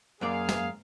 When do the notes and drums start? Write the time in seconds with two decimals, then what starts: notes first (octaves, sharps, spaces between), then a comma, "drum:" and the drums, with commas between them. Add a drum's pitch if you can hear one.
0.21 F#2 A#3 G#4 D5 F5
0.49 drum: snare